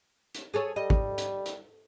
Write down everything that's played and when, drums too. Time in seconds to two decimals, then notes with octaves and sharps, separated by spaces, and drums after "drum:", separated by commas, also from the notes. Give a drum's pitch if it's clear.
0.35 drum: hi-hat
0.54 G#4 A4 C#5
0.76 G3 D#5
0.90 drum: kick
1.18 drum: hi-hat
1.46 drum: hi-hat